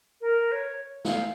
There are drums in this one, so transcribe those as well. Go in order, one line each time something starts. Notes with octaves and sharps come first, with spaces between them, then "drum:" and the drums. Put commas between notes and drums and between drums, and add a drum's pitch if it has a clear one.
A#4
C#5
F5, drum: snare